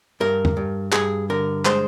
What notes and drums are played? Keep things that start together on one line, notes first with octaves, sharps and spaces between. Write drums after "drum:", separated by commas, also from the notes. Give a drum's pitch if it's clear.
G2 A#4
drum: tom E2
G2
G2 G#4, drum: clap
D3 A#4
G#3 C5, drum: clap